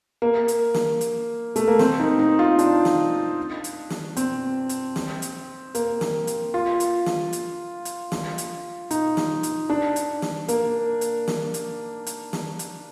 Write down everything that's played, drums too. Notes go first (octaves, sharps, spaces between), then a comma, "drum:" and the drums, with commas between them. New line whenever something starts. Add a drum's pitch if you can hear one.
A#3
drum: hi-hat
drum: snare
drum: hi-hat
A3, drum: hi-hat
A#3
C4, drum: snare
D#4
D#4
F4
D4, drum: hi-hat
drum: snare
drum: hi-hat
drum: snare
C4, drum: hi-hat
drum: hi-hat
drum: snare
drum: hi-hat
A#3, drum: hi-hat
drum: snare
drum: hi-hat
F4
drum: hi-hat
drum: snare
drum: hi-hat
drum: hi-hat
drum: snare
drum: hi-hat
D#4, drum: hi-hat
drum: snare
drum: hi-hat
D4
drum: hi-hat
drum: snare
A#3, drum: hi-hat
drum: hi-hat
drum: snare
drum: hi-hat
drum: hi-hat
drum: snare
drum: hi-hat